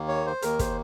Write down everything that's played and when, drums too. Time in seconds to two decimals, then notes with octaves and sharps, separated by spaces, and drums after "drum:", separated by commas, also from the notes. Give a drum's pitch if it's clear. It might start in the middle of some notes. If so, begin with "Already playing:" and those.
Already playing: D#2 D#3 A#3
0.08 C#5
0.26 C5
0.42 D#2 D#3 A#3 A#4, drum: hi-hat
0.59 C5, drum: kick, hi-hat